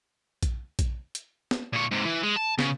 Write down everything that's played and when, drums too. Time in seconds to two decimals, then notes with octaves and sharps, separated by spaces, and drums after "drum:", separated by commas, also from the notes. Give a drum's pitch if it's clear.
0.43 drum: kick A#1, hi-hat
0.79 drum: kick A#1, hi-hat
1.15 drum: hi-hat
1.51 drum: snare
1.73 A#2 C#5
1.92 G#2 C3
2.05 E3
2.24 G#3
2.37 A5
2.59 C#3, drum: snare